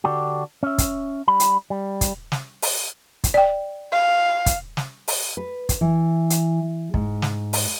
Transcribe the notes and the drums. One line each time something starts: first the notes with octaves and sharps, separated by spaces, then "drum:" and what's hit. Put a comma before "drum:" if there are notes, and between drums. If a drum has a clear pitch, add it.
D3 D4 F#4 G4
C#4 E5
drum: kick, hi-hat
G3 B5
drum: hi-hat
G3
drum: kick, hi-hat
drum: snare
drum: open hi-hat
drum: kick, hi-hat
D5 G5
F5
drum: kick, hi-hat
drum: snare
drum: open hi-hat
B4
drum: kick, hi-hat
E3
drum: hi-hat
G#2, drum: kick
drum: snare
drum: open hi-hat